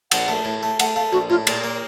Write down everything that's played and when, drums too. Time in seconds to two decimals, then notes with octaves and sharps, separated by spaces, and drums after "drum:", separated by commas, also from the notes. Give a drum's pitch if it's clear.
0.11 A#1 F#5, drum: cymbal
0.28 A3
0.45 A2
0.63 A3
0.79 A3 F#5, drum: cymbal
0.96 A3 F5
1.12 A#1 F#4
1.30 A2 F4
1.47 A#2, drum: cymbal
1.64 A#3